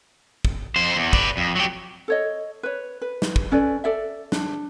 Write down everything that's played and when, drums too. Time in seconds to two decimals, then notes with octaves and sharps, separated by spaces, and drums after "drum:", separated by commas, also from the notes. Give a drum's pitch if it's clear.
0.45 drum: kick
0.76 F2 C5
0.96 E2
1.13 B4 D5, drum: kick
1.37 F2
1.56 F#3 G4
2.08 A4 C#5 D#5
2.63 B4 C#5
3.02 B4
3.22 drum: snare
3.36 drum: kick
3.52 C#4 A4 B4 D5
3.84 A4 D5 E5
4.32 D4, drum: snare